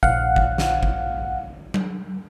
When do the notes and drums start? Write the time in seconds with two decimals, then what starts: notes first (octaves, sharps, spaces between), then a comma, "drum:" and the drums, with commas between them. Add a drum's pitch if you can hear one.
0.03 A#1 F5 F#5, drum: kick G1
0.36 drum: kick G1
0.58 drum: snare
0.83 drum: kick G1
1.74 drum: tom F#3